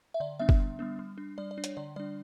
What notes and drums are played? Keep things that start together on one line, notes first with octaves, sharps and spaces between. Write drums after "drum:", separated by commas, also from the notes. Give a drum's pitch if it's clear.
E5
D3 D5
G3 B3 D4 E5
drum: kick F#1
D3
G3 B3 D4
G3
D4
G3 D5
D5
D4
C#5, drum: hi-hat
D3 D5
G3 D4 D5